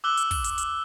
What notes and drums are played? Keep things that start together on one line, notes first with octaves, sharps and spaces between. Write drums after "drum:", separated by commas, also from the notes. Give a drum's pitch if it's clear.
D6 E6 F#6 G7
drum: hi-hat
drum: kick, open hi-hat
drum: hi-hat
drum: hi-hat